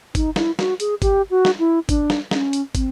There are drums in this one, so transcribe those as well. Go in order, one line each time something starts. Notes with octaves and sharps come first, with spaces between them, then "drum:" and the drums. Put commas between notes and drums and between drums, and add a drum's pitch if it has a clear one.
D#4, drum: kick, hi-hat
E4, drum: snare
F#4, drum: snare
G#4, drum: hi-hat
G4, drum: kick, hi-hat
F#4
drum: snare
E4
D4, drum: kick, hi-hat
drum: snare
C#4, drum: snare
drum: hi-hat
C4, drum: kick, hi-hat